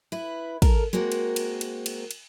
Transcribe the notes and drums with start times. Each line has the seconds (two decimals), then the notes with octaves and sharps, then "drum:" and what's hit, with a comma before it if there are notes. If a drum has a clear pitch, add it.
0.12 E4 B4
0.62 A4 A#4, drum: kick, cymbal
0.93 G#3 A#3 C4 F#4 A#4
1.12 drum: cymbal
1.36 drum: cymbal
1.61 drum: cymbal
1.86 drum: cymbal
2.11 drum: cymbal